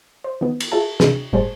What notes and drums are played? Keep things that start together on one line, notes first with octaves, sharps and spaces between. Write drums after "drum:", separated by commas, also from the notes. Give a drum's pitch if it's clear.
C5
D#3 B3
drum: cymbal
F4 G#4 E5 A5
C3 D4 G#4, drum: snare
G1 A2 G3 G#4 C5 A5